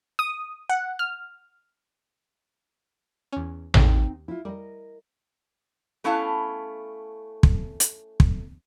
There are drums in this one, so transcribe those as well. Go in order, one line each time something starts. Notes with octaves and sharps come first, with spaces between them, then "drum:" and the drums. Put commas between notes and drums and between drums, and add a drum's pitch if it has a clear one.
D#6
F#5
F6
E2 C#4
D#2 C4 D#4 G5, drum: tom A1
E4 F4
G3 A#4 D#5
A3 B3 C#4 E4 F5 A5
drum: kick
drum: hi-hat
drum: kick